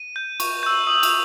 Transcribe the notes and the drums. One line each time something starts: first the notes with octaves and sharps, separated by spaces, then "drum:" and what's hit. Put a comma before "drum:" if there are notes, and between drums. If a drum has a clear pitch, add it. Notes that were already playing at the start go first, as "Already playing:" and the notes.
Already playing: D#7
G6
C#6, drum: cymbal
E6 G6
D#6 F#7
F7, drum: cymbal